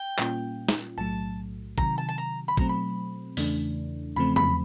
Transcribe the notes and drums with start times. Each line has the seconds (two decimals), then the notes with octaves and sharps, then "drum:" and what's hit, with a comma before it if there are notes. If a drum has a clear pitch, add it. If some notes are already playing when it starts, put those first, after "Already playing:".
Already playing: G5
0.19 A#2 G3 A#3 C#4 F4, drum: clap
0.69 drum: snare
0.98 B1 A2 F#3 A3 A5
1.78 C3 D#3 F#3 A#5, drum: kick
1.98 A5
2.09 A5
2.18 A#5
2.48 B5
2.57 B2 F#3 A3 C4 A#5, drum: kick
2.69 B5
3.37 E2 C#3 E3 A3 D4, drum: open hi-hat
4.16 E2 C#3 F3 A3 C4 B5
4.36 B5, drum: tom